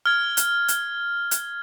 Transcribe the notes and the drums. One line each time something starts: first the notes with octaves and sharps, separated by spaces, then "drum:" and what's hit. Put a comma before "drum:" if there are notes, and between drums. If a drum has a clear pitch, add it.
F6 G#6
drum: hi-hat
drum: hi-hat
drum: hi-hat